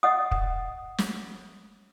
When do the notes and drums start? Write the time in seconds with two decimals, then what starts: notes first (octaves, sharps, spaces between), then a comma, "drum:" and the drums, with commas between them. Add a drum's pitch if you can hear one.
0.03 D#5 F#5 D#6
0.31 drum: kick
0.98 drum: snare